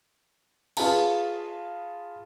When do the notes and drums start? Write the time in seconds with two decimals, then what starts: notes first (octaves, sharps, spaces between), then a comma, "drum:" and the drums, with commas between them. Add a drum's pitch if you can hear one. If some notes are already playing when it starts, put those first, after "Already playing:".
0.77 F4 G#4 B4 F5 A5, drum: cymbal